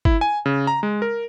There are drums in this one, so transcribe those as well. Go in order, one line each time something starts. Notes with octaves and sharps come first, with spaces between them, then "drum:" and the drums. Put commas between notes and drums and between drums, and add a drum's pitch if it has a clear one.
E4, drum: kick G1
G#5
C#3
A#5
G#3
A#4